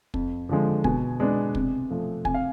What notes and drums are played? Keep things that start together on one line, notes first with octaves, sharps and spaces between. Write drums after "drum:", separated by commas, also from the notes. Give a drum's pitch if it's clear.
F2, drum: kick
D3 F3 G#3
B2 G#5, drum: kick
G#3 B3 D4
C3, drum: kick
F3 A3
C3 G#5, drum: kick
F5